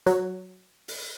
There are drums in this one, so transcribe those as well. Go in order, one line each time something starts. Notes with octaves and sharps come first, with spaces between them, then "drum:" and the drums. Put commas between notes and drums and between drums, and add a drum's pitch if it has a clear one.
F#3, drum: hi-hat
drum: open hi-hat